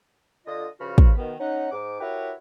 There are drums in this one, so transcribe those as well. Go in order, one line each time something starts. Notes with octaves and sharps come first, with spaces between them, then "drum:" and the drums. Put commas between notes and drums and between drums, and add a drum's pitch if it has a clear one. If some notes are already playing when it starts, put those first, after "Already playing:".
D3 F4 D#5
G2 C#3 F3 F#4 B5 F6
drum: kick
B2 D#3 B3
C#4 D#4 F#5
G#2 D6
E4 F#4 G4 A#4 B4 C#5